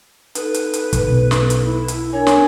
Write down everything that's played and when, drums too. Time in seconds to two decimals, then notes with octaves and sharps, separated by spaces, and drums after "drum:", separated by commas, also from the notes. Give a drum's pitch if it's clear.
0.35 D#4 A4 B4, drum: hi-hat
0.54 drum: hi-hat
0.74 drum: hi-hat
0.93 drum: kick, hi-hat
1.08 B1 B2 B3
1.31 drum: snare
1.50 drum: hi-hat
1.63 E4
1.88 drum: hi-hat
2.13 D4 A#4 C#5 G#5
2.27 drum: snare